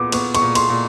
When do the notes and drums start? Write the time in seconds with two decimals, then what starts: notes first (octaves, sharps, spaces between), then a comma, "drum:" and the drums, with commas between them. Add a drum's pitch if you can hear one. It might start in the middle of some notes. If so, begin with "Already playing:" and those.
Already playing: A#2 B3 D6
0.12 B3 C#6, drum: cymbal
0.35 C#6, drum: cymbal
0.42 A#2
0.55 C6, drum: cymbal
0.70 A#2